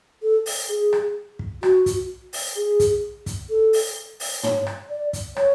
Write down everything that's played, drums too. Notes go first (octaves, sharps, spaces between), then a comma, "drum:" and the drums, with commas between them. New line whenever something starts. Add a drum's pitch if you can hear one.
A4
drum: open hi-hat
G#4
drum: rim click
drum: kick
F#4, drum: rim click
drum: kick, hi-hat
drum: open hi-hat
G#4
drum: kick, hi-hat
drum: kick, hi-hat
A4
drum: open hi-hat
drum: open hi-hat
C#5, drum: tom
drum: rim click
D5
drum: kick, hi-hat
C#5, drum: rim click